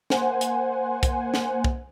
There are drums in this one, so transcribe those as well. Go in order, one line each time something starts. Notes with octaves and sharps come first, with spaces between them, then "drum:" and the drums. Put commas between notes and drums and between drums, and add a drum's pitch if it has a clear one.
A#3 C5 F#5 G#5, drum: snare
drum: hi-hat
drum: kick, hi-hat
drum: snare
drum: kick